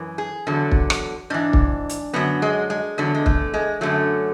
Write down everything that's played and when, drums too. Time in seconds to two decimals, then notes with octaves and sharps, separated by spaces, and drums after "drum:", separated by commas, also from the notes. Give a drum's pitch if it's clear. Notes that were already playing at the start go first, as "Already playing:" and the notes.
Already playing: F#2 E3
0.18 G#4
0.47 E2 D3 F#3
0.72 drum: kick
0.90 drum: rim click
1.30 G#2 E3 D4
1.53 drum: kick
1.89 drum: hi-hat
2.13 F#2 D3 F#3 B3
2.42 G#3
2.70 G#3
2.98 E2 D3 F#3
3.15 G#3
3.26 A3, drum: kick
3.54 G#3
3.81 F#2 D3 F#3 A3